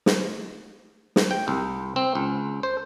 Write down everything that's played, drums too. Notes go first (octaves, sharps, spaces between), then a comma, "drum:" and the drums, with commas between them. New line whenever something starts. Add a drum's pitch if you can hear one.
drum: snare
drum: snare
G5
C2
C4
C#2
C5